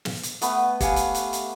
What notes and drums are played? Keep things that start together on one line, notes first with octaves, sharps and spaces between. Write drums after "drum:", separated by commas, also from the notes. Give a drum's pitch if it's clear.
drum: snare
drum: hi-hat
A3 B3 B4, drum: hi-hat
G4 F5 G#5, drum: kick, hi-hat
drum: hi-hat
drum: hi-hat
drum: hi-hat